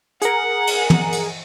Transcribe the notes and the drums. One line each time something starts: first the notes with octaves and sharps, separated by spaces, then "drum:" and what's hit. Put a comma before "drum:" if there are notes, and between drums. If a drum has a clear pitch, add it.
G#4 A#4 F#5, drum: hi-hat
drum: cymbal
drum: tom
drum: cymbal